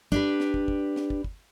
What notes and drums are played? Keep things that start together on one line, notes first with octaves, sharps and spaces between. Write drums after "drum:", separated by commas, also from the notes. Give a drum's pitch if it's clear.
D4 G4 B4, drum: kick
drum: snare
drum: kick
drum: kick
drum: snare
drum: kick
drum: kick